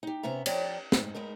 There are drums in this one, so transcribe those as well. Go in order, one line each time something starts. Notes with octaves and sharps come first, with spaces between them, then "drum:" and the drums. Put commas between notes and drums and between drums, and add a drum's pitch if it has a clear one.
D#4 G4
C3 B3 C#4 E5 A#5
F3 C#5 D5 G5 A#5, drum: cymbal
G#2, drum: snare
G#3 B3 D#4 A#4